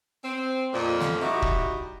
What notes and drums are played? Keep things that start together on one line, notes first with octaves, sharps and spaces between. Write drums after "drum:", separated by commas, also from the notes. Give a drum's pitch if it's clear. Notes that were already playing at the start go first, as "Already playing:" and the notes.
C4
F2 A#2
drum: snare
G3 D#4 E4 F#4
drum: kick